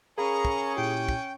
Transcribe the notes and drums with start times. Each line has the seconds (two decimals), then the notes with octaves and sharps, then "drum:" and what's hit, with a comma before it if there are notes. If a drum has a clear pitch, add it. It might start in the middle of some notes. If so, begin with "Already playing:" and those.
0.18 C#4 G#4 A#4 F5 A#5 B5 C#6
0.45 drum: kick
0.77 A#2 E4 G4 G5
1.09 drum: kick